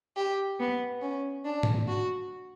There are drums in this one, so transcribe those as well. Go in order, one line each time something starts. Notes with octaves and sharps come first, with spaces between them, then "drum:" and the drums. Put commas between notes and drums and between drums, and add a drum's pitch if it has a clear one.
G4
B3
C#4
D4
drum: tom
F#4